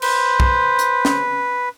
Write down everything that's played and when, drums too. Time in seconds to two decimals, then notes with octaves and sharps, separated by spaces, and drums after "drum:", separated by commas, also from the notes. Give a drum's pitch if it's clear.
0.02 B4 C5, drum: cymbal
0.40 drum: kick
0.79 drum: hi-hat
1.05 drum: snare